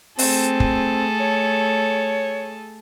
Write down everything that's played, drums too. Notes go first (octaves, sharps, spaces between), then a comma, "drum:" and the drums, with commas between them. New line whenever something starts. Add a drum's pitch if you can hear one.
A3 C4 G#4 A4, drum: open hi-hat
drum: kick
C#5